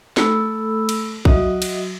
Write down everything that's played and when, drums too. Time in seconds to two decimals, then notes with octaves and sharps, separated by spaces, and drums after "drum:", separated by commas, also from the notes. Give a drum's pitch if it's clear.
0.17 A3 A4 B5 E6, drum: snare
0.89 drum: cymbal
1.25 F#3 F#4 D#5 E5 D#6, drum: kick A#1
1.62 drum: cymbal